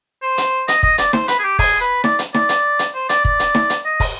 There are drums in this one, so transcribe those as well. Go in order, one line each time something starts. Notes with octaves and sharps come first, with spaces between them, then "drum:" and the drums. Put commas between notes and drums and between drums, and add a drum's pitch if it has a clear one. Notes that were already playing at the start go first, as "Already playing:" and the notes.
C5
drum: hi-hat
D#5, drum: hi-hat
D#5, drum: kick
D5, drum: hi-hat
C5, drum: snare
B4, drum: hi-hat
G#4
G4
G#4, drum: kick, open hi-hat
B4
D5, drum: snare
drum: hi-hat
D5, drum: snare
drum: hi-hat
drum: hi-hat
C5
D5, drum: hi-hat
D5, drum: kick
drum: hi-hat
drum: snare
drum: hi-hat
D#5
drum: kick, open hi-hat